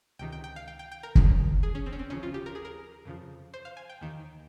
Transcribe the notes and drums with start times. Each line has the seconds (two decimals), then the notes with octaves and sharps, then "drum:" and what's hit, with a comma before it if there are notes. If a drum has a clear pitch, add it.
0.19 C#2 C3 D#3 G5
0.32 G5
0.44 G5
0.56 F5
0.68 G5
0.79 G5
0.92 G5
1.03 A#4
1.15 C#2 C#3 F3, drum: kick
1.63 G#4
1.75 C#4
1.86 C4
1.93 C#4
1.99 C4
2.10 D#2 C#3 F3 C#4
2.23 F4
2.34 G4
2.46 A#4
2.55 G#4
2.65 A#4
3.05 F2 C#3 F3
3.54 C5
3.65 F5
3.77 G#5
3.89 G5
4.01 D#2 D#3